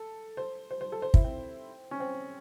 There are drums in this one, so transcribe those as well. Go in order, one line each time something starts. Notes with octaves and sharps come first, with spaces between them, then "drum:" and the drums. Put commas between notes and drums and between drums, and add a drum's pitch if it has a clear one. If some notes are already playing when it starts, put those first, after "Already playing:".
Already playing: A4
C5
C5
C5
A4
C5
E4, drum: kick
C4
C#4
C4